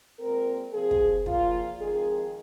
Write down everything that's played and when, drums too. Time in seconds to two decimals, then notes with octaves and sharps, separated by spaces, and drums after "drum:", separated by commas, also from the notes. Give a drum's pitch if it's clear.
0.19 A#2 G#3 C4 A#4
0.74 C3 F3 C4 G#4
0.91 drum: kick
1.26 A#2 F3 A#3 F4, drum: kick
1.80 F2 D#3 G#3 G#4